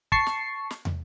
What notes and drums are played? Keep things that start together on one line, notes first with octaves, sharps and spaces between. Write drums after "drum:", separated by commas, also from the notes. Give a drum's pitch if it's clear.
A5 C#6 C7, drum: kick
drum: snare
drum: snare
drum: tom